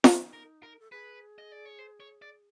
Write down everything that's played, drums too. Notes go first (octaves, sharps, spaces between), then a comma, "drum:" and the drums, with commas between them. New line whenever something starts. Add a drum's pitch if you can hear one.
D#4 A4, drum: snare
A#4
A#4
A4
G#4 B4
D#5
D5
C#5
C5
C#5
D5